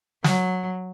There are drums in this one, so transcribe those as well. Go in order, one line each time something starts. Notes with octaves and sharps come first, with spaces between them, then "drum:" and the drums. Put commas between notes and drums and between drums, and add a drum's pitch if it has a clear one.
F#3, drum: snare